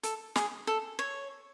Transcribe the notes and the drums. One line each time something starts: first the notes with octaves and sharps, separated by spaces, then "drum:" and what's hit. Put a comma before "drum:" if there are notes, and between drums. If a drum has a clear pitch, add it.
A4, drum: hi-hat
G#4, drum: snare
A4
C#5